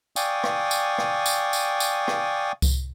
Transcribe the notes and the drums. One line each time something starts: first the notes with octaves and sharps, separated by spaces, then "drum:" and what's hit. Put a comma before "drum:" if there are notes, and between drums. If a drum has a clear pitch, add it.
D5 F5 G5 G#5 C#6 D#6, drum: tambourine
drum: rim click
drum: tambourine
drum: rim click
drum: tambourine
drum: tambourine
drum: tambourine
drum: rim click
drum: kick C2, tambourine